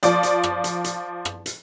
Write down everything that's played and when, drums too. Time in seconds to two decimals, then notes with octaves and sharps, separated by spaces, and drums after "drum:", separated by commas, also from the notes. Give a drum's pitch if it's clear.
0.03 F3 D5, drum: hi-hat
0.23 drum: hi-hat
0.43 drum: rim click
0.64 drum: hi-hat
0.84 drum: hi-hat
1.25 drum: rim click
1.46 drum: hi-hat